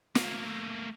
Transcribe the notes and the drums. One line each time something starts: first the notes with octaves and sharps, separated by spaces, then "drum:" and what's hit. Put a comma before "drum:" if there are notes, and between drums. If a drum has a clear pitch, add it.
A3 A#3, drum: snare